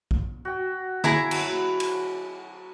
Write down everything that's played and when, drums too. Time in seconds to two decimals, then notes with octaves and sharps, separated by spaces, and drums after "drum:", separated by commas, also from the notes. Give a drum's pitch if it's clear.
0.11 drum: kick A#1
0.45 F#4 G5
1.04 E4 G#4 A#5, drum: tom D3
1.31 F#3 A5 B5, drum: cymbal
1.80 drum: cymbal